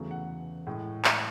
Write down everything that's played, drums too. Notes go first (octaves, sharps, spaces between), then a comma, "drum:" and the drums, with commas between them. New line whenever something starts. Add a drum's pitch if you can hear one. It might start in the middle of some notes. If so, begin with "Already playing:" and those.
Already playing: E2 C#3 F#3 A3
F#5
A2 G#3
E5, drum: clap